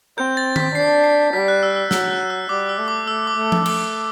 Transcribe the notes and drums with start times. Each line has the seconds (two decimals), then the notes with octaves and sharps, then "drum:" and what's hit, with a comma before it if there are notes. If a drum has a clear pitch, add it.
0.18 C4 G6
0.37 A6
0.56 B6, drum: tom D#3
0.75 D4 C7
1.04 C7
1.33 G3 B6
1.48 F#6
1.63 E6
1.76 E6
1.91 F#3 E6, drum: snare
2.11 F#6
2.30 E6
2.49 G3 D6
2.69 E6
2.79 A3
2.88 D6
3.07 A3 E6
3.27 D6
3.37 A3
3.52 drum: tom F3
3.66 A3, drum: cymbal